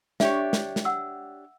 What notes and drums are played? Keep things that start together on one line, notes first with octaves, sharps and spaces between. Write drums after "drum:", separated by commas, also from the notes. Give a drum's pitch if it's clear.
D4 G4 C#5 E5, drum: snare
drum: snare
drum: snare
F#5 E6